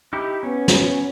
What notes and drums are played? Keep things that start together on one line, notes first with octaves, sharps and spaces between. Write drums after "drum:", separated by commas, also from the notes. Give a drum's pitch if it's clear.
D#4 E4 G4
B3 C#4
drum: snare